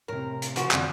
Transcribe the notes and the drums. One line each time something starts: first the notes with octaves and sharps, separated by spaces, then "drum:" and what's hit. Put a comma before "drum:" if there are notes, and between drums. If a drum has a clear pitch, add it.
A2 C3 A#4
drum: hi-hat
C#3 F3 F#4, drum: hi-hat
D3 C4 D4, drum: clap